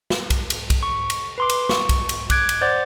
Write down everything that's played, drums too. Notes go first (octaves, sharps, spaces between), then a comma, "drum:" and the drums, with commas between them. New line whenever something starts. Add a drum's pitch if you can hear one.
drum: snare
drum: kick, cymbal
drum: cymbal
drum: kick, cymbal
C#6
drum: cymbal
B4 C6 D6
drum: cymbal
C#6, drum: snare
drum: kick, cymbal
drum: cymbal
D6 F#6 G#6 D7, drum: kick, cymbal
drum: cymbal
C5 D5 F#5 D6